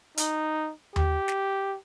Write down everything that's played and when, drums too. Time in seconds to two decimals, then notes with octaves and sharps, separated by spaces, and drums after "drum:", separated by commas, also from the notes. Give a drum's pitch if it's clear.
0.17 D#4, drum: hi-hat
0.96 G4, drum: tom D#2
1.28 drum: snare